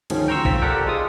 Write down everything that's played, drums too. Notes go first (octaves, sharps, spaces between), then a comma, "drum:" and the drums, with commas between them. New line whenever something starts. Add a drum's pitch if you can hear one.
D2 G#2 D#3 F3 C#4, drum: cymbal
G5 A#5 C6 C#6 E6
C4 F4 E6 B6, drum: kick
G4 A4 A#4 D5 F#5 G5
G#3 F4 D#6